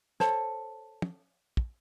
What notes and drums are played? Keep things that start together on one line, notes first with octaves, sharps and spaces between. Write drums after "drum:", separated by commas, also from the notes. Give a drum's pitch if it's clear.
A4 C5 C#5 A5, drum: snare
drum: tom
drum: kick